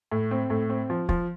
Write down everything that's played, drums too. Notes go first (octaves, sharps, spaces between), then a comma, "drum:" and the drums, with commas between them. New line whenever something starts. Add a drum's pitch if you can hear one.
A2
C4
A2
C4
F3
F3, drum: kick